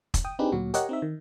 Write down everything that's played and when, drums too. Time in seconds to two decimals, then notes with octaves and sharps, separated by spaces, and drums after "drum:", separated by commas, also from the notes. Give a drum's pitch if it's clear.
0.14 drum: kick, hi-hat
0.25 G5 D#6
0.39 C4 D4 D#4 G4 G#4 B4
0.52 D2 A#2 F#3 F#4
0.74 G4 A#4 C#5 D#5 F#5, drum: hi-hat
0.89 C4 D#4 E5
1.02 D#3